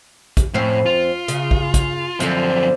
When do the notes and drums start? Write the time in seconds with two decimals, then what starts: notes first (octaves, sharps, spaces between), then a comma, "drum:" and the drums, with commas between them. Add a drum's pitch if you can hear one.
0.37 drum: kick, hi-hat
0.54 F2 A2 C4 C#4
0.86 F4
1.28 C#3, drum: hi-hat
1.51 drum: kick
1.74 drum: kick, hi-hat
2.20 F#2 D3 F3 C4, drum: hi-hat